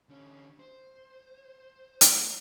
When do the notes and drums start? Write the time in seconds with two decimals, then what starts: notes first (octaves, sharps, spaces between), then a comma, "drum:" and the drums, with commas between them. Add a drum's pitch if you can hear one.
0.09 D3 C#4
0.59 C5
2.01 drum: hi-hat